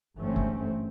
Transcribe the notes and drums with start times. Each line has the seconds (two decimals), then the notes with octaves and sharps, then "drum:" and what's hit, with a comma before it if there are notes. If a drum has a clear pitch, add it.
0.16 G1 E2 G#2 A3 C4 C#4
0.36 drum: kick